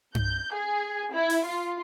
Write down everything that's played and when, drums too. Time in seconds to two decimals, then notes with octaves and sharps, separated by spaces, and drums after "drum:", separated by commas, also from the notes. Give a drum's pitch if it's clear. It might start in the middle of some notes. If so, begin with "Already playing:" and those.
0.15 G6, drum: tom G2
0.52 G#4
1.13 E4
1.30 drum: open hi-hat
1.44 F4